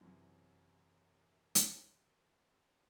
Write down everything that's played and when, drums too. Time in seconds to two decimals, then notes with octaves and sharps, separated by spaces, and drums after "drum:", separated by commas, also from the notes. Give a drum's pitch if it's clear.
0.01 F#2 C3 E3 F#3
1.55 drum: hi-hat